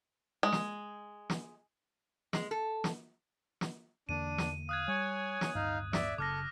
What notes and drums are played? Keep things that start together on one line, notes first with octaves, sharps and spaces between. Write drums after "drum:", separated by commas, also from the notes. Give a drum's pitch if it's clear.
G#3
drum: snare
drum: snare
G#3, drum: snare
A4
drum: snare
drum: snare
E2 D3 A#3 D4 D#7
drum: snare
F5 D#6 F#6 G#6
G3 C#5 G#5
drum: snare
D1 G2 D#4 F5
D5 E5, drum: snare
F#1 C#3 A4 D6 F6 A#6